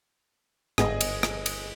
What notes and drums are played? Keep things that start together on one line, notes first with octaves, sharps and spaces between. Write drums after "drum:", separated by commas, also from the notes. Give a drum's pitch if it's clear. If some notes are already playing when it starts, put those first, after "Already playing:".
G1 G#2 B3 G#4 D#5, drum: rim click
drum: cymbal
drum: rim click
drum: cymbal